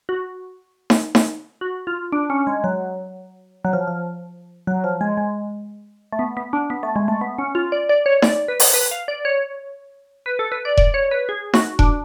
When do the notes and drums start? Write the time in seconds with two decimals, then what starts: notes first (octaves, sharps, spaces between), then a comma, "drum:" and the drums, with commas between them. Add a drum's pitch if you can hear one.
0.09 F#4
0.90 drum: snare D#4
1.15 drum: snare D#4
1.61 F#4
1.87 F4
2.12 D4
2.30 C#4
2.47 G#3
2.64 F#3
3.65 F#3
3.73 F3
3.87 F3
4.67 F#3
4.84 F3
5.01 G#3
5.17 G#3
6.12 A3
6.19 B3
6.37 B3
6.53 D4
6.70 B3
6.83 A3
6.96 G#3
7.08 A3
7.21 B3
7.38 C#4
7.55 F4
7.72 D5
7.89 D5
8.06 C#5
8.22 D5, drum: snare D#4
8.48 B4
8.60 drum: open hi-hat
8.74 B4
8.91 F5
9.08 D5
9.25 C#5
10.26 B4
10.39 A4
10.52 B4
10.65 D5
10.77 D5, drum: kick E1
10.94 C#5
11.11 B4
11.29 G#4
11.54 F#4, drum: snare D#4
11.79 D4, drum: kick E1